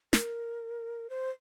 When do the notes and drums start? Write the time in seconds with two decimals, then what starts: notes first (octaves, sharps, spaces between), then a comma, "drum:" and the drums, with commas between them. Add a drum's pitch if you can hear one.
0.13 A#4, drum: snare
1.10 C5